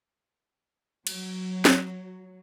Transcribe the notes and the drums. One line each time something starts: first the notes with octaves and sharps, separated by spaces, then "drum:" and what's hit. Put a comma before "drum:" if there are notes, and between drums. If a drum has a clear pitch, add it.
F#3, drum: cymbal
drum: snare